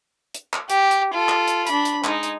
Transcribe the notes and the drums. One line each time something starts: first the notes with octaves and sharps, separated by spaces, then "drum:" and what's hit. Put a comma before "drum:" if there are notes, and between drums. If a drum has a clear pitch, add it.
drum: hi-hat
drum: clap
G4, drum: hi-hat
drum: hi-hat
F4 A4
drum: clap
drum: hi-hat
D4 B5, drum: hi-hat
drum: hi-hat
G#3 D#4, drum: clap
drum: hi-hat